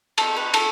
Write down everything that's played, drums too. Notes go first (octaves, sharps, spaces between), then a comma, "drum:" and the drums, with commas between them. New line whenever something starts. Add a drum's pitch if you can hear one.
A4, drum: cymbal
B4
A4, drum: cymbal